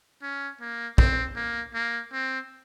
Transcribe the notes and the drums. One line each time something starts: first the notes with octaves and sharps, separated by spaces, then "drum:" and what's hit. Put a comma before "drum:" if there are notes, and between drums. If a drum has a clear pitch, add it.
C#4
A#3
C4, drum: kick
A#3
A#3
C4